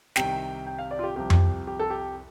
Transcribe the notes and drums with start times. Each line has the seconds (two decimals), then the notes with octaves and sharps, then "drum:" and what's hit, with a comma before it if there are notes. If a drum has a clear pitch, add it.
0.16 C2 C3 D#3 G5, drum: snare
0.67 G5
0.79 F5
0.91 D5
0.99 F4
1.03 G4
1.16 C2 C3 F3 G4
1.30 drum: tom F2
1.67 G4
1.80 A4
1.90 G4